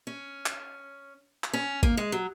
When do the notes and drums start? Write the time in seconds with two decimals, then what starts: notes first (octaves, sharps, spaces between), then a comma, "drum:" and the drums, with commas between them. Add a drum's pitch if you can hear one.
0.07 C#4
0.46 drum: clap
1.44 drum: clap
1.53 C#4
1.83 A#3, drum: kick G#1
1.97 G#3
2.12 F#3